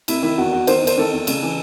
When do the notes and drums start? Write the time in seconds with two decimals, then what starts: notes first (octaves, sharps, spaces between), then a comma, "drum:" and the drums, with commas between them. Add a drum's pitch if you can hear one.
0.08 C3 E4, drum: cymbal
0.23 D#3 E4
0.38 E2 F#4
0.53 E2 F#4
0.67 D#3 C5, drum: cymbal
0.82 E2
0.87 C5, drum: cymbal
0.98 D#3 A4
1.12 E2
1.27 C#3, drum: cymbal
1.43 E3